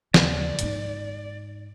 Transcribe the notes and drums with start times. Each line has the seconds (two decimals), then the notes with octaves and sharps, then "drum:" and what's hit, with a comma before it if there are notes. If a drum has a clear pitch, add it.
0.14 D#2 C#3 D5, drum: snare
0.59 G#2 D#4, drum: hi-hat